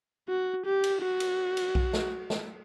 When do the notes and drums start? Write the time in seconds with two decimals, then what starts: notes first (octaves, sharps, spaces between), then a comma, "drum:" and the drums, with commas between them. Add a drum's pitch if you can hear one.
0.29 F#4
0.65 G4
0.84 drum: cymbal
1.02 F#4
1.20 drum: cymbal
1.57 drum: cymbal
1.75 drum: kick B1
1.93 drum: snare
2.30 drum: snare